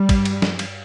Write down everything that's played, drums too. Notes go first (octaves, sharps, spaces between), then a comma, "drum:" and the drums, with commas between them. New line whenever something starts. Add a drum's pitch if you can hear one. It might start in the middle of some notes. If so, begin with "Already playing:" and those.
Already playing: G3
G2, drum: kick, cymbal
drum: cymbal
drum: snare
drum: cymbal